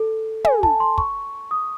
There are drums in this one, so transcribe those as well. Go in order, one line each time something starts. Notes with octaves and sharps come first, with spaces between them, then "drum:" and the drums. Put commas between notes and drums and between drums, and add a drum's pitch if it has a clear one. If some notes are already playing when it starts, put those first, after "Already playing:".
Already playing: A4
G#5, drum: tom
A5, drum: kick
C6
C#6, drum: kick
D#6